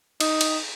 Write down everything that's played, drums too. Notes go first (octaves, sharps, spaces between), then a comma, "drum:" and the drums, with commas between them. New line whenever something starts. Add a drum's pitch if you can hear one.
D#4, drum: cymbal
drum: cymbal